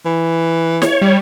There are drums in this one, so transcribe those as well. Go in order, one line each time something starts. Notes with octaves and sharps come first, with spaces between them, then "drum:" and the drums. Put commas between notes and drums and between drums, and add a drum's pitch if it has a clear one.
E3
C#5, drum: snare E4
G3